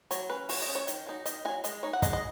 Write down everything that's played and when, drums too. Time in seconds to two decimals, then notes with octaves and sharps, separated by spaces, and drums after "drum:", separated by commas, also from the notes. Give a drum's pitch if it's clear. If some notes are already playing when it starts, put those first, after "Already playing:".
0.11 F#3 C#5, drum: hi-hat
0.30 C#4 B4
0.49 F#3 C#5, drum: open hi-hat
0.62 D#5
0.68 C#4
0.75 C#5
0.87 D#3, drum: hi-hat
1.07 F#3 D#4
1.26 D#3 D#5, drum: hi-hat
1.45 D#4 G#5
1.48 F#3
1.64 G#3 D#5, drum: hi-hat
1.83 D#4 C#5
1.93 F#5
2.02 G#3 D#5, drum: kick, hi-hat
2.13 D#5